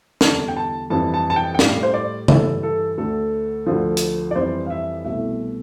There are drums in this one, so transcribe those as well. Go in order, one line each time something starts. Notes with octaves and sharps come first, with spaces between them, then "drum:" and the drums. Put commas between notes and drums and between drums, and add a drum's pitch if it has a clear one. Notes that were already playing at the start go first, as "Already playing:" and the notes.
E2 D3 G3 A5, drum: snare
G5
A5
F2 E3 G3 A5
A5
A5
G5
G5
A2 G3 F5, drum: snare
C5
D5
G2 E3 G3 A4, drum: tom C#3
A4
D2 D3 A3 A4
D2 D3 F3
drum: hi-hat
D5
F2 E3 G3 C5
F5
E5
C2 B2 A3 E5